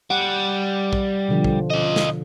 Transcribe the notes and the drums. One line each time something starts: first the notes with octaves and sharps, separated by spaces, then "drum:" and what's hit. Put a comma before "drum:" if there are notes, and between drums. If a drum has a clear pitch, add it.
G3 F#5
drum: kick
B2 D3 F3
drum: kick
F4 D#5
drum: snare